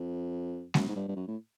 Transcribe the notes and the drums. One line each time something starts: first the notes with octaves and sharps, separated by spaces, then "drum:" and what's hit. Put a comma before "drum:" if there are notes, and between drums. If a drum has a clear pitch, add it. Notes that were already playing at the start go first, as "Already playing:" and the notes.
Already playing: F2
F#2, drum: snare G#3
G#2
G2
G2
F#2
A2